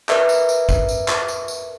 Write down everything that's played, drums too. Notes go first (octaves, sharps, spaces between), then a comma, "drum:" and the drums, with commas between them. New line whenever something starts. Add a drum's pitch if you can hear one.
A#4 B4 D5 E5, drum: clap
drum: tambourine
drum: tambourine
drum: kick, tambourine
drum: tambourine
drum: clap
drum: tambourine
drum: tambourine